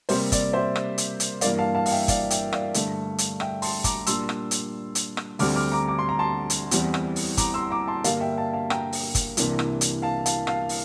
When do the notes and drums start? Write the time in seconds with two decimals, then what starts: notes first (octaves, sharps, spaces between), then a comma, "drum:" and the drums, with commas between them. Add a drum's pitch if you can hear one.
0.09 C3 G3 A#3 C5, drum: open hi-hat
0.32 D5, drum: kick G1, hi-hat
0.53 C5 E5
0.76 drum: rim click
0.98 drum: hi-hat
1.20 drum: hi-hat
1.41 G2 E3 A#3 D5 F5, drum: hi-hat
1.59 F5 A5
1.75 F5 A5
1.86 F5, drum: open hi-hat
1.92 E5 G5
2.08 D5 F5, drum: kick G1, hi-hat
2.30 E5 G5, drum: hi-hat
2.53 D5 F5, drum: rim click
2.74 G2 D3 A3, drum: hi-hat
3.18 drum: hi-hat
3.40 E5 G5, drum: rim click
3.62 A5 C6, drum: open hi-hat
3.84 A#5 D6, drum: kick G1, hi-hat
4.07 A#2 G3 D4 C6 E6, drum: hi-hat
4.29 drum: rim click
4.51 drum: hi-hat
4.95 drum: hi-hat
5.17 drum: rim click
5.39 D2 D3 G3 C4 D6 F6, drum: open hi-hat
5.56 D6 F6
5.72 A#5 D6
5.88 D6
5.99 C6
6.09 A#5
6.19 A5 C6
6.50 drum: hi-hat
6.71 E2 E3 G3 C4, drum: hi-hat
6.94 drum: rim click
7.16 drum: open hi-hat
7.37 A#5 D6, drum: kick G1, hi-hat
7.54 C6 E6
7.71 A#5 D6
7.88 A5 C6
8.04 G2 D3 G3 A#3 F5 A5, drum: hi-hat
8.20 E5 G5
8.38 F5 A5
8.53 F5 A5
8.70 G5 A#5, drum: rim click
8.93 drum: open hi-hat
9.15 drum: kick G1, hi-hat
9.37 C2 C3 E3 A#3 D4, drum: hi-hat
9.59 drum: rim click
9.81 drum: hi-hat
10.02 F5 A5
10.26 F5 A5, drum: hi-hat
10.47 F5 A5, drum: rim click
10.69 drum: open hi-hat